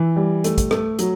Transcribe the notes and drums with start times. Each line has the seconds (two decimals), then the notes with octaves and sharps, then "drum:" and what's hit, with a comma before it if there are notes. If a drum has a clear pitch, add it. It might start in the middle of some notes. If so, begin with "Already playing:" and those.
Already playing: E3
0.16 G3
0.44 A3, drum: hi-hat
0.58 drum: kick, hi-hat
0.71 A3, drum: rim click
0.99 F#3, drum: hi-hat